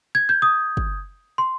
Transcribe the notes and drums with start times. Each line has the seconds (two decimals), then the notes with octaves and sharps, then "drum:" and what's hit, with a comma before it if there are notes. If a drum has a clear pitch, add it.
0.15 G#6
0.29 G6
0.42 D#6
0.77 drum: kick
1.38 C6